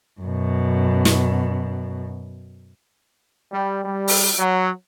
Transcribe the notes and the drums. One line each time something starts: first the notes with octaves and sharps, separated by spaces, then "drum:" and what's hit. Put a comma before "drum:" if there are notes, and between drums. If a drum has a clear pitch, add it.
F#2 B2
drum: snare
G3
G3
drum: open hi-hat
F#3